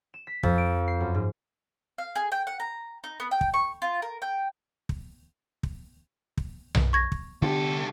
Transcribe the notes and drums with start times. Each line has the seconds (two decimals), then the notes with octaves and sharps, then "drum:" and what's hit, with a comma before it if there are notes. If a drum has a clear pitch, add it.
0.14 E7
0.27 B6
0.43 F2, drum: kick
0.58 D7
0.88 C7
1.00 F#2
1.15 G#2
1.98 F5
2.16 G#4
2.32 G5
2.47 F#5
2.60 A#5
3.04 D#4
3.20 B3
3.31 G5
3.41 drum: kick
3.54 C#6
3.82 F4
4.02 A#4
4.22 G5
4.89 drum: kick
5.63 drum: kick
6.37 drum: kick
6.75 drum: tom B1
6.93 C#6 G#6 A#6
7.12 drum: kick
7.42 C2 D3 B3 D4 G4 A4